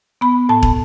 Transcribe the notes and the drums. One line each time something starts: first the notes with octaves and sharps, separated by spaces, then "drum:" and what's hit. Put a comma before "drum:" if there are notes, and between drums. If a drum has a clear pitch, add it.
B3 B5
A2 A5
drum: kick